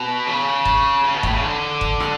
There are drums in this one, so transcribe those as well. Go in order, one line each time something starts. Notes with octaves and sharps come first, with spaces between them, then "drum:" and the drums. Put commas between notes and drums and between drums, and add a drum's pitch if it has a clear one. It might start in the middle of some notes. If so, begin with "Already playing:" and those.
Already playing: B2
C#3
drum: kick
C#3
B2
A2, drum: kick
C#3
D3
drum: kick
drum: rim click